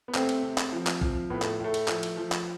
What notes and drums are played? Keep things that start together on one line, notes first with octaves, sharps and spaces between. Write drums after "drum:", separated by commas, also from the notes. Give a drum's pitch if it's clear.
B3
C3 A3 C4, drum: clap
drum: cymbal
C3
drum: clap
F3
drum: clap
F3, drum: kick A#1
A2 B3
A3, drum: clap
A2 A3
drum: cymbal
F3, drum: clap
drum: cymbal
F3
drum: clap